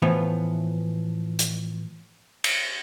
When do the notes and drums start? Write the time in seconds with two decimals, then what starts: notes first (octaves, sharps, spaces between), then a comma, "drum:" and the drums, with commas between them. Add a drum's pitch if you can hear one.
0.02 A2 E3 F3 B3
1.39 drum: hi-hat
2.44 drum: cymbal